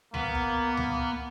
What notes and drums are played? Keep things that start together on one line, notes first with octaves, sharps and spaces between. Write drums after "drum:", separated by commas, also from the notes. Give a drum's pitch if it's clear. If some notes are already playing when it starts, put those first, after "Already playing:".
A#3 B3, drum: tom C#2
drum: kick
drum: tom C#2